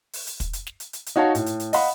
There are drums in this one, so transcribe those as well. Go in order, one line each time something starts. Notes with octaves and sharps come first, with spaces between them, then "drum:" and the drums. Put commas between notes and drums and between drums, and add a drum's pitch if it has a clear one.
drum: open hi-hat
drum: hi-hat
drum: kick, hi-hat
drum: hi-hat
drum: snare
drum: hi-hat
drum: hi-hat
drum: hi-hat
D#4 F#4 C#5 F5 A5
A2, drum: hi-hat
drum: hi-hat
drum: hi-hat
D#5 F5 F#5 B5, drum: open hi-hat